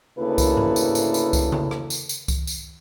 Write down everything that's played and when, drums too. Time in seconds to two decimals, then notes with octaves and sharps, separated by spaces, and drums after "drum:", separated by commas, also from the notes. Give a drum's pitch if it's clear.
0.19 D2 C#3 A#3 E4 A4 B4
0.38 drum: kick C2, tambourine
0.57 drum: tom G#2
0.76 drum: tambourine
0.95 drum: tambourine
1.14 drum: tambourine
1.33 drum: kick C2, tambourine
1.52 drum: tom C#3
1.71 drum: rim click
1.90 drum: tambourine
2.09 drum: tambourine
2.28 drum: kick C2, tambourine
2.47 drum: tambourine